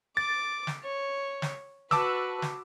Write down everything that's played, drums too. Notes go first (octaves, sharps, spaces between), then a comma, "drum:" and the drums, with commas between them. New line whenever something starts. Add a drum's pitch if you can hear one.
D6 A6
drum: snare
C#5
drum: snare
F#4 B4 A5 D6 E6, drum: snare
drum: snare